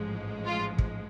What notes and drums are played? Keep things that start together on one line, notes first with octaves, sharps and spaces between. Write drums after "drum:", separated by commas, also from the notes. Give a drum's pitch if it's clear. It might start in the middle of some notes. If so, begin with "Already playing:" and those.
Already playing: A1 G#2 F3 G#3
F4
drum: kick